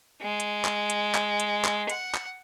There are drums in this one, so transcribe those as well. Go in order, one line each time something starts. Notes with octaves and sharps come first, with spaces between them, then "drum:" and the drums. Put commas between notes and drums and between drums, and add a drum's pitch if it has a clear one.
G#3
drum: hi-hat
drum: clap
drum: hi-hat
drum: clap
drum: hi-hat
drum: clap
F#5, drum: hi-hat
drum: clap